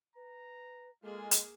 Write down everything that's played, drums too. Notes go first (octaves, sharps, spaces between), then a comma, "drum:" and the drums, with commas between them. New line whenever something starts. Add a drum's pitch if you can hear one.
B4 A#5
G#3 A#3 F4 G#4 A4
drum: hi-hat